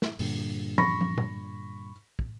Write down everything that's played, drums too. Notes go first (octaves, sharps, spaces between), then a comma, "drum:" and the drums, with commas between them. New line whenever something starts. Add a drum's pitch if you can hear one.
drum: snare
G2 A#2 D3, drum: open hi-hat
B5 C#6 A#6, drum: tom
drum: tom
drum: tom A#2
drum: kick